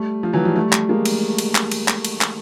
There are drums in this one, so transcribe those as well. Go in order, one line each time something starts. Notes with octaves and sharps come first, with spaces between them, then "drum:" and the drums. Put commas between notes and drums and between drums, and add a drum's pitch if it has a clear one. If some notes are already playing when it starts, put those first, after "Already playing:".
Already playing: G3 A3
F3
E3 F#3
F3 G3
G3 A3
drum: clap
G#3 A#3
drum: cymbal
drum: cymbal
drum: clap
drum: cymbal
drum: clap
drum: cymbal
drum: clap